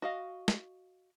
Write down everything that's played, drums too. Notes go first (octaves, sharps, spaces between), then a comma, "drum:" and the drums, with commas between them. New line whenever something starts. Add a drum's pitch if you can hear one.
F#4 D#5 F5
drum: snare